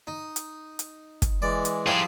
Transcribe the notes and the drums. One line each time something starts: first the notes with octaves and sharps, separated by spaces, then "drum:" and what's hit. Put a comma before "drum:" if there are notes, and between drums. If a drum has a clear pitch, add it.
D#4
drum: hi-hat
drum: hi-hat
drum: kick, hi-hat
E3 G#3 D5
drum: hi-hat
F3 G3 E4 G#4 C5